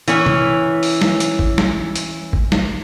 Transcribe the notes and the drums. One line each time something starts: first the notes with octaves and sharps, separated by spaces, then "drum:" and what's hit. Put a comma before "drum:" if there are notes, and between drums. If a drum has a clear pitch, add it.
E3 C#4, drum: hi-hat
drum: tom
drum: open hi-hat
drum: snare
drum: hi-hat
drum: kick G#1
drum: snare
drum: hi-hat
drum: kick G#1
drum: snare